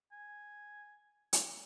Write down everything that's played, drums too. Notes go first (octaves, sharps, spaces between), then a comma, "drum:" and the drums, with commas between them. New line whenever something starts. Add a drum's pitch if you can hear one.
G#5
drum: hi-hat